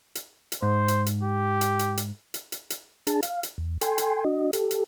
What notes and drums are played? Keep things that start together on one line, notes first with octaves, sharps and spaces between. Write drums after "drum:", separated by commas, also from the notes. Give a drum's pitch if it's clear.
drum: hi-hat
drum: hi-hat
G#2 C5
drum: hi-hat
drum: hi-hat
G4
drum: hi-hat
drum: hi-hat
drum: hi-hat
drum: hi-hat
drum: hi-hat
drum: hi-hat
D4 G#4 A5, drum: hi-hat
F5, drum: hi-hat
drum: hi-hat
E2
A4 G5 G#5 C6, drum: hi-hat
drum: hi-hat
D4 F#4 D#5
G4 A4, drum: hi-hat
drum: hi-hat